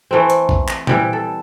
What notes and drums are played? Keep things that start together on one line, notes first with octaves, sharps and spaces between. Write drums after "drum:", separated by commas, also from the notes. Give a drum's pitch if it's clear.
E3 A3 C4
drum: hi-hat
drum: kick A1
drum: clap
E3 G3 E4 G4, drum: tom A#2
A4